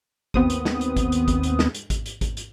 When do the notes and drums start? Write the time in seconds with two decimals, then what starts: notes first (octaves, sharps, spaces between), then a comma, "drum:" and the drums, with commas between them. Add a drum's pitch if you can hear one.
0.34 D#2 B3 C4 D#6, drum: kick G#1
0.50 drum: hi-hat
0.65 drum: snare
0.81 drum: hi-hat
0.97 drum: kick G#1, hi-hat
1.12 drum: hi-hat
1.28 drum: kick G#1, hi-hat
1.43 drum: hi-hat
1.59 drum: snare
1.75 drum: hi-hat
1.90 drum: kick G#1, hi-hat
2.06 drum: hi-hat
2.21 drum: kick G#1, hi-hat
2.37 drum: hi-hat